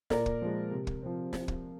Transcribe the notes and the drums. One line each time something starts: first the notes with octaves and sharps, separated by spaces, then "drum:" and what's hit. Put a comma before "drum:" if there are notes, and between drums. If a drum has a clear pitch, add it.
A#2 A#4 D5, drum: snare
drum: kick
F3 G#3
C3
drum: kick
F3 C4
drum: snare
drum: kick